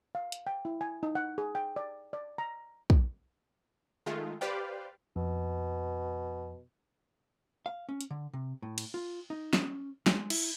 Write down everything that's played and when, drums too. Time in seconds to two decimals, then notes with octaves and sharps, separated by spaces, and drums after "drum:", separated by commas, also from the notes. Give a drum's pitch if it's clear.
0.15 F5
0.32 drum: hi-hat
0.47 G5
0.65 E4
0.81 G#5
1.03 D#4
1.15 F#5
1.38 G#4
1.55 G5
1.76 D5
2.13 D5
2.38 A#5
2.90 drum: kick
4.06 D#3 G#3 A3 F4
4.41 G4 B4 C5 D5 F5 G5
5.16 F2 B2
7.66 F5
7.89 C#4
8.01 drum: hi-hat
8.11 D3
8.33 C3
8.62 A2
8.78 drum: cymbal
8.94 F4
9.30 D#4
9.53 C#4, drum: snare
10.06 G#3, drum: snare
10.30 E4, drum: cymbal